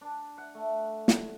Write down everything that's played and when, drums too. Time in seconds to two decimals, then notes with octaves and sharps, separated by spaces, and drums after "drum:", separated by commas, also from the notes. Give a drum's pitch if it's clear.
0.01 D4
0.38 F#5
0.55 A3
1.08 drum: snare